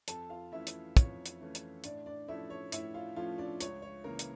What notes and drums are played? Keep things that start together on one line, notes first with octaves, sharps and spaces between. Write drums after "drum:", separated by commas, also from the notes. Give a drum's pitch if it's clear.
F2 A4 A5, drum: hi-hat
F4 F5
E3 A3 C#4 E4 E5
drum: hi-hat
F2 C#5, drum: kick, hi-hat
drum: hi-hat
E3 A3 C#4
drum: hi-hat
A2 D4 D5, drum: hi-hat
D4 D5
F3 A3 C#4 E4 E5
C#5
A2 E4 E5, drum: hi-hat
F4 F5
F3 A3 C#4 F4 F5
D4 D5
C#2 C#5, drum: hi-hat
C#5
C#3 E3 A#3 A#4
drum: hi-hat